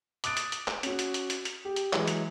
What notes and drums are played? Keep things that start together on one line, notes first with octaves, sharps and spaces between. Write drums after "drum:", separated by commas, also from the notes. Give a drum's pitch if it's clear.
D6 D#6 F#6 A6 D7, drum: hi-hat
drum: hi-hat
drum: hi-hat
drum: clap
C#4 F#4, drum: hi-hat
drum: hi-hat
drum: hi-hat
drum: hi-hat
drum: hi-hat
G4
drum: hi-hat
E3 F#3 G#3, drum: clap
drum: hi-hat